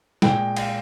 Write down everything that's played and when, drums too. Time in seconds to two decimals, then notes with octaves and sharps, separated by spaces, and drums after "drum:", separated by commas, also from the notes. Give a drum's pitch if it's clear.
0.22 A#2 G#3 G5, drum: snare
0.56 F5, drum: cymbal